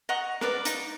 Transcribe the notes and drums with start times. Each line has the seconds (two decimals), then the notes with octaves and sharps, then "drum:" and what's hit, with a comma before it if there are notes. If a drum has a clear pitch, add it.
0.09 D#5 F#5 A#5 C#6
0.41 A#4 B4 D5, drum: rim click
0.65 D#4, drum: hi-hat